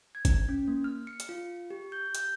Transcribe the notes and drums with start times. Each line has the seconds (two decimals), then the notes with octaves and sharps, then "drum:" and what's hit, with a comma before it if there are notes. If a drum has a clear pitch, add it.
0.15 G#6
0.25 drum: kick G1, hi-hat
0.49 C#4
0.68 A#3
0.84 F6
1.07 C#7
1.20 drum: hi-hat
1.29 F4
1.70 G4
1.92 G6
2.15 G6, drum: hi-hat